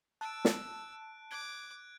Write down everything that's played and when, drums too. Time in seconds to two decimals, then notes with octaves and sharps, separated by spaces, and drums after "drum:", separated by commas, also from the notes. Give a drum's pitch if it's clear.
0.21 A5 E6 F#6 D7
0.45 drum: snare
1.31 D6 F#6 G#6 D7